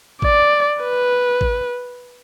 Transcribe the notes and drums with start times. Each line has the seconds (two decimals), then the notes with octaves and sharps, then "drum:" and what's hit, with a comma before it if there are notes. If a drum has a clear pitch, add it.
0.22 D5, drum: kick A1
0.82 B4
1.41 drum: kick A1